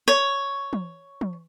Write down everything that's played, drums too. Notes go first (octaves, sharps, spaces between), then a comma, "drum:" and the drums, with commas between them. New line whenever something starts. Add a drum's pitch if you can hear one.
C#5
drum: tom
drum: tom